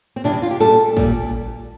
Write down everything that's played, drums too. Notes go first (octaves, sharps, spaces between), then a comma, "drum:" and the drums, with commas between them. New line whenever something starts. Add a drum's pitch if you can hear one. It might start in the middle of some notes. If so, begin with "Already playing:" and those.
C4
E2 C3 E3 G3 D4
F4
G4
A#2 G3 A4
A#2 G3, drum: kick